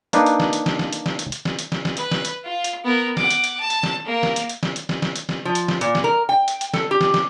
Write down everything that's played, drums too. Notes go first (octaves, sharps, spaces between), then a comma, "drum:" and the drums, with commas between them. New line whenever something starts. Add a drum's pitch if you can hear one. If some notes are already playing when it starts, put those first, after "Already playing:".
A#3 D4 D#4 B4, drum: hi-hat
drum: hi-hat
drum: snare
drum: hi-hat
drum: snare
drum: snare
drum: hi-hat
drum: snare
drum: hi-hat
drum: hi-hat
drum: snare
drum: hi-hat
drum: snare
drum: snare
B4, drum: hi-hat
drum: snare
drum: hi-hat
F4
drum: hi-hat
B3 A#4
F#5 D6, drum: snare
drum: hi-hat
drum: hi-hat
A5
drum: hi-hat
drum: snare
A#3 A#4
drum: snare
drum: hi-hat
drum: hi-hat
drum: snare
drum: hi-hat
drum: snare
drum: snare
drum: hi-hat
drum: snare
F3
drum: hi-hat
drum: snare
A#2, drum: hi-hat
drum: snare
A#4
G5
drum: hi-hat
drum: hi-hat
A4, drum: snare
G4
drum: snare
drum: snare